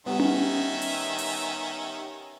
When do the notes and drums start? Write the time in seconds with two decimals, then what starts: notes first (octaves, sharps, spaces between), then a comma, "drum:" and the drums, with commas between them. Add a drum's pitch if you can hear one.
0.06 D#3 G3 B3 C#4 E5
0.20 drum: tom C#4
0.82 drum: open hi-hat
1.18 drum: open hi-hat